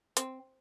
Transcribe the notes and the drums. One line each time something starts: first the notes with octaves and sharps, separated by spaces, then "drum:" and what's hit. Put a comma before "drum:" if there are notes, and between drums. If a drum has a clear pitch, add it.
C4, drum: hi-hat